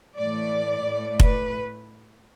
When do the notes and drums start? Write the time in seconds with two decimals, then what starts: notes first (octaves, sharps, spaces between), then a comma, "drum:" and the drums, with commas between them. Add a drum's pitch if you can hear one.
0.17 A2 E3 A3 D5
0.86 A2 A3
1.20 B4, drum: kick F1